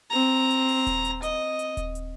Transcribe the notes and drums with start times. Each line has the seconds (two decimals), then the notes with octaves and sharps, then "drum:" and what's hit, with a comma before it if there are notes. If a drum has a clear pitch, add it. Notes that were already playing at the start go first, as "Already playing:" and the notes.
0.11 C4 A#5
0.50 drum: hi-hat
0.68 drum: open hi-hat
0.87 drum: kick D#1, hi-hat
1.05 drum: hi-hat
1.23 D#5, drum: hi-hat
1.59 drum: hi-hat
1.77 drum: kick D#1, hi-hat
1.95 drum: hi-hat